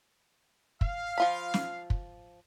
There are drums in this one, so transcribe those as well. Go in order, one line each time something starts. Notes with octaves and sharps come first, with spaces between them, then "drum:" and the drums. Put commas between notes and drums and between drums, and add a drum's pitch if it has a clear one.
F5, drum: kick
F3 F4 B5
drum: snare
drum: kick